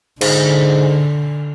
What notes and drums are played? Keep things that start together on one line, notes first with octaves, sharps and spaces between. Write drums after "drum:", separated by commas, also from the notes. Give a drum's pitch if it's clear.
G#2 D3, drum: cymbal